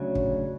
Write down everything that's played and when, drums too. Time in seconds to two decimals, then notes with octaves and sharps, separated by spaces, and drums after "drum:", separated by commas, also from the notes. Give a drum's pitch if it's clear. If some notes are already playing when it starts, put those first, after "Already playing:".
Already playing: D2 C#3 F#3
0.15 drum: kick